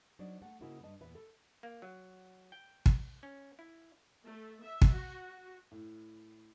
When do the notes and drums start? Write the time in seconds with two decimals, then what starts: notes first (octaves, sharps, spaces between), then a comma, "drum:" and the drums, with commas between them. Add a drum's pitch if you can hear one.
0.19 F#3 D4 D#4 C5 D5
0.42 A3 F#5
0.61 G#2 C#3 G#3 A#3 E4 F#4
0.83 G2 D#5 A5
1.00 E2 A#2 B4 E5
1.15 A4
1.63 A#3
1.82 F#3
2.52 G5
2.86 drum: kick
3.23 C#4
3.59 E4
4.25 A3
4.62 E5
4.82 drum: kick
4.93 F#4
5.71 A2